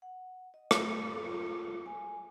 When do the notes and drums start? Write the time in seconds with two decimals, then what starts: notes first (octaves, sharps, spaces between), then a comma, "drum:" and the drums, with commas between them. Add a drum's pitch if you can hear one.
0.02 F#5
0.54 D#5
0.71 A3, drum: rim click
1.03 A4
1.24 F4
1.86 G#5